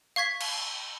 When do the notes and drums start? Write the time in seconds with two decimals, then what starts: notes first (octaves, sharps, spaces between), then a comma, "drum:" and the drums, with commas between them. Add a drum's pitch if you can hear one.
0.16 F5 C#6 G#6 B6
0.41 drum: cymbal